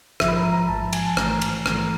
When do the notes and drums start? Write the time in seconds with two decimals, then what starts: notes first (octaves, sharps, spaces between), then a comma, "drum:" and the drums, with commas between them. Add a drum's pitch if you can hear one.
0.20 A1 G#2 F3 E5, drum: rim click
0.28 B5
0.36 A#5
0.53 A#5
0.68 A1 G#2 F3 A5
0.93 G#5, drum: cymbal
1.07 A5
1.17 A1 G#2 E3 A3 A#5, drum: rim click
1.41 drum: cymbal
1.66 A1 G#2 E3 A3, drum: rim click